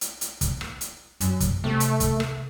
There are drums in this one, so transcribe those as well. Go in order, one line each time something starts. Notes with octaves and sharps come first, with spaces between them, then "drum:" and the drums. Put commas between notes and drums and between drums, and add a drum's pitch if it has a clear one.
drum: hi-hat
drum: hi-hat
drum: kick, hi-hat
drum: rim click
drum: hi-hat
F#2, drum: hi-hat
drum: kick, hi-hat
C3 A3
drum: hi-hat
drum: kick, hi-hat
drum: rim click